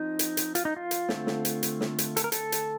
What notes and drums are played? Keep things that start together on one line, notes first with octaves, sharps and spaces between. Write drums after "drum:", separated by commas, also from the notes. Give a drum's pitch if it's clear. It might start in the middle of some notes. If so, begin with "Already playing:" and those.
Already playing: F3 C4 D#4
drum: hi-hat
drum: hi-hat
F4, drum: hi-hat
D#4
F4
drum: hi-hat
D3 A3 C4, drum: snare
drum: snare
drum: hi-hat
drum: hi-hat
drum: snare
drum: hi-hat
A4, drum: hi-hat
A#4
A4, drum: hi-hat
drum: hi-hat